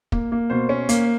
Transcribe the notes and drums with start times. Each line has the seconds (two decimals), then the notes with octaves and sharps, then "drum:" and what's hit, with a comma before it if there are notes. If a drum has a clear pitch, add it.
0.12 A#3, drum: kick
0.32 A#3
0.50 B2 C5
0.69 C#4
0.89 A#3, drum: hi-hat